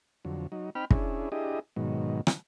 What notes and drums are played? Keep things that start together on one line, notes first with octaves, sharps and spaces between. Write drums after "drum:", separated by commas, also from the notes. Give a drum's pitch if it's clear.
F2 D3 F#3
F#3 D#4
C4 D#4 G5 B5 F6
C#4 D4 E4 G#4, drum: kick
D4 E4 G4 G#4 D#5
G#2 B2 D#3 F#3
drum: rim click